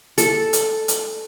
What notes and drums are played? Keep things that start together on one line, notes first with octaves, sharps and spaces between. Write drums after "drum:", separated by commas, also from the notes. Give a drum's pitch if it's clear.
A4, drum: hi-hat
drum: hi-hat
drum: hi-hat